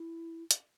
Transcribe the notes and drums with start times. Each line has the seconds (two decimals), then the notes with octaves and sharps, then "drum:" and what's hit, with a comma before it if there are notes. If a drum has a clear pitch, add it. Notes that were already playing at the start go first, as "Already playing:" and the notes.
Already playing: E4
0.51 drum: hi-hat